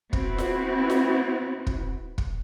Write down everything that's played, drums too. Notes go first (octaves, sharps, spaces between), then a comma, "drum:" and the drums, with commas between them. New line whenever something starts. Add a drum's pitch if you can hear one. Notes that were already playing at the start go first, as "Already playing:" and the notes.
B3 C4 E4 F#4, drum: kick
drum: snare F4
drum: snare F4
drum: kick
drum: kick